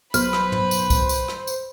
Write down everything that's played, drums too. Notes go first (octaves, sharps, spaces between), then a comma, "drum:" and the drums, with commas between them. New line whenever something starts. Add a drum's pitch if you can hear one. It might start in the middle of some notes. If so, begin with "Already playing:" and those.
B1 B4 C5 B5 F6, drum: tambourine
drum: rim click
drum: tom
drum: tambourine
drum: kick C2, tambourine
drum: tambourine
drum: rim click
drum: tambourine